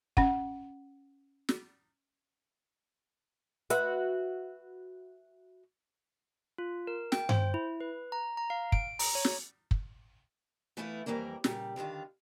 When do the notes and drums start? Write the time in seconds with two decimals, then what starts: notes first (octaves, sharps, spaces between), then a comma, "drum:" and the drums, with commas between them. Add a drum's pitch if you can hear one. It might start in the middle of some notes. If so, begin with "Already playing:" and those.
0.17 C#4 F#5, drum: kick
1.49 drum: snare
3.70 F#4 B4 E5, drum: hi-hat
6.58 F4
6.87 A#4
7.12 G5, drum: snare
7.29 C5, drum: tom G2
7.54 E4
7.81 B4
8.12 A#5
8.37 A#5
8.50 F5
8.72 D7, drum: kick
8.99 A#5, drum: open hi-hat
9.15 C#5
9.25 drum: snare
9.71 drum: kick
10.77 E3 A3 B3 E4 F4
11.06 F2 E3 G3 A#3 A#4
11.44 A#2 C#3 G3, drum: snare
11.76 E2 D3 D#3 F4